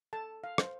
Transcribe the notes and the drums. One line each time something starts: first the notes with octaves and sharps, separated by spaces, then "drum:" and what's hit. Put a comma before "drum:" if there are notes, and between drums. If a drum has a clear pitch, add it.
A4 A5
F5
C5, drum: rim click